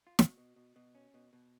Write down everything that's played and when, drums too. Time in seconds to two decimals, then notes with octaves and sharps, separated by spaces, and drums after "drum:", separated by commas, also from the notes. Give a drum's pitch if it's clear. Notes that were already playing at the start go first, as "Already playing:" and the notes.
0.07 F4
0.19 B2 F#4, drum: snare
0.38 B2
0.56 B2
0.76 B2
0.95 C#4
1.14 B2
1.33 B2